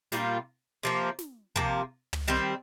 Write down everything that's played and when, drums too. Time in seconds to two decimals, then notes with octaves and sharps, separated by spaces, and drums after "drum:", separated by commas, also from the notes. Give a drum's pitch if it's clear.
0.12 A#2 G3 A#3 F4, drum: snare
0.83 C3 F3 A#3
1.19 drum: snare
1.56 C3 F3 A#3, drum: kick
2.13 drum: tom
2.28 D#3 G3 C4